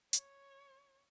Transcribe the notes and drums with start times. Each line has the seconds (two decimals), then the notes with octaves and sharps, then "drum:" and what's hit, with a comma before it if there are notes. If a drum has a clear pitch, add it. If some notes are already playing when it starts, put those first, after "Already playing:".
0.13 C#5, drum: hi-hat